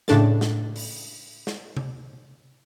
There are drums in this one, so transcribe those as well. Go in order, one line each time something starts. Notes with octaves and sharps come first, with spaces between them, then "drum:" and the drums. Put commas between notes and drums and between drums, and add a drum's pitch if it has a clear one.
A2 C#3 D4 A4 A6, drum: snare
drum: snare
drum: open hi-hat
drum: snare
drum: tom C3